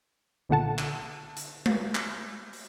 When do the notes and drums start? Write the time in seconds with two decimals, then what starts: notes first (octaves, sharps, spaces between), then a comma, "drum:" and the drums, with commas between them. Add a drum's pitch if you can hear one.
0.49 B1 A#2 D3 F#5 A5
0.78 drum: clap
1.37 drum: hi-hat
1.66 drum: tom G#3
1.95 drum: clap
2.53 drum: open hi-hat